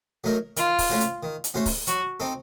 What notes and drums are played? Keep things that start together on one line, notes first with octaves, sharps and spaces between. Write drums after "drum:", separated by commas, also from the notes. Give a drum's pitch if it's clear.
F#3 A3 D#4 A#4
D#3 F4, drum: hi-hat
drum: kick, open hi-hat
A3 C#4 F#4 C5
drum: hi-hat
D#3
drum: hi-hat
A3 C#4 F#4 C5
drum: kick, open hi-hat
F#3 F#4, drum: hi-hat
C4 D#4 A4